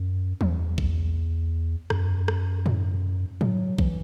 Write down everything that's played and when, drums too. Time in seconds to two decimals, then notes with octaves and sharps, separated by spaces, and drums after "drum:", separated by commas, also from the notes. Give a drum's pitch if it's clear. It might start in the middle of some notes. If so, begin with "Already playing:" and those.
Already playing: F#2
0.41 E2, drum: tom E3
0.78 drum: kick A#1
1.90 F#2, drum: rim click
2.28 drum: rim click
2.66 drum: tom G#2
3.41 F#3, drum: tom G#2
3.78 E3, drum: kick A#1